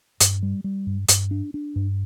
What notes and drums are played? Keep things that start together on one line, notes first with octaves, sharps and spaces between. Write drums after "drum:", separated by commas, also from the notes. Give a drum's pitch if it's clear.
G2, drum: hi-hat
G3
G3
G2
G2, drum: hi-hat
D4
D4
G2